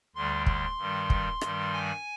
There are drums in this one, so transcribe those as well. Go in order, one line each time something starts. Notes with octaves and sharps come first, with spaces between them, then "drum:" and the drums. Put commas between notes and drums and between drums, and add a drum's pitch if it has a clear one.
D2 D3 G3 C6
C6, drum: kick
G2 D#3 G3
drum: kick
G2 D#3 G3, drum: rim click
G#5